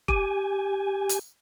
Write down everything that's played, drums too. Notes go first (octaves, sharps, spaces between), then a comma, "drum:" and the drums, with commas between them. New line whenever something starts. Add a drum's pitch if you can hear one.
G4 G#5, drum: kick F1
drum: hi-hat